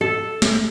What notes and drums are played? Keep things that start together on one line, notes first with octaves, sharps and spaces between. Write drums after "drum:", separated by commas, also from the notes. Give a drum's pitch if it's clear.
A4
drum: snare